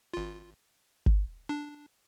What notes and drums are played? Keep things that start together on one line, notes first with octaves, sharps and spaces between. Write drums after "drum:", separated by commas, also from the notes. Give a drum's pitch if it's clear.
G#1 F4
drum: kick G#1
D4